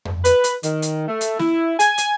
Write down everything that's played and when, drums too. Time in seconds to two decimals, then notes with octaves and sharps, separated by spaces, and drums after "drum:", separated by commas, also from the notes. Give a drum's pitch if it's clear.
0.05 drum: tom F2
0.25 B4, drum: hi-hat
0.44 drum: hi-hat
0.63 D#3, drum: hi-hat
0.82 drum: hi-hat
1.08 A3
1.21 drum: hi-hat
1.39 E4, drum: snare
1.80 G#5, drum: hi-hat
1.98 drum: hi-hat